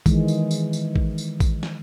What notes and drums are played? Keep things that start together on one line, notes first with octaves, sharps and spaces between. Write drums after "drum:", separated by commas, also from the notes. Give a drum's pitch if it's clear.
D#3 E3 G#3, drum: kick, tambourine
drum: tambourine
drum: tambourine
drum: tambourine
drum: kick
drum: tambourine
drum: kick, tambourine
drum: snare